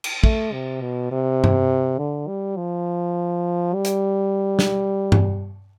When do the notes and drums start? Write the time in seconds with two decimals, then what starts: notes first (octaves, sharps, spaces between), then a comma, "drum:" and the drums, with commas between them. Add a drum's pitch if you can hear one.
0.04 drum: cymbal
0.24 A3, drum: kick
0.53 C3
0.82 B2
1.12 C3
1.44 drum: tom G2
1.98 D3
2.28 G3
2.57 F3
3.74 G3
3.85 drum: hi-hat
4.59 drum: snare
5.12 drum: tom G2